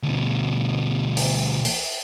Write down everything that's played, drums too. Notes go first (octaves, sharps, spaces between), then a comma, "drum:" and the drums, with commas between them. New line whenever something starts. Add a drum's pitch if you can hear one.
D2 B2
drum: open hi-hat
drum: open hi-hat